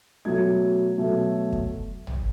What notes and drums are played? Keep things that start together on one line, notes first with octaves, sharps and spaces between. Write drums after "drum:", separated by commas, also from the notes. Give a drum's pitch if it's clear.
B2 F#3 A3 G#6
B2 F#3 A3
drum: kick
drum: tom